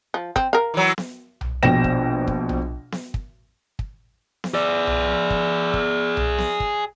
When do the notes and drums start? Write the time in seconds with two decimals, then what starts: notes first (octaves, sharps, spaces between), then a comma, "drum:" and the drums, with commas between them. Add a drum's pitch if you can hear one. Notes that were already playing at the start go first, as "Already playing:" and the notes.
0.14 F3
0.36 C4, drum: kick
0.53 A#4 F5
0.74 E3 F#3
0.98 drum: snare B3
1.41 drum: tom B1
1.63 A#1 B2 G5 A#6 E7
1.84 drum: kick
2.27 drum: kick
2.49 drum: tom B1
2.92 drum: snare B3
3.14 drum: kick
3.79 drum: kick
4.44 drum: snare B3
4.54 G#4 D5
4.87 drum: tom B1
5.30 drum: kick
5.74 drum: kick
6.17 drum: tom B1
6.38 drum: snare B3
6.60 drum: kick